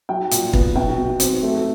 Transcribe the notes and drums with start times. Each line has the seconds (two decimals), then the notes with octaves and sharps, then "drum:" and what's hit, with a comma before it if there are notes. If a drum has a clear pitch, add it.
0.09 F#3 G5
0.31 A#2, drum: hi-hat
0.53 B3, drum: kick
0.76 B2 G5
0.98 B2
1.20 C4, drum: hi-hat
1.43 A3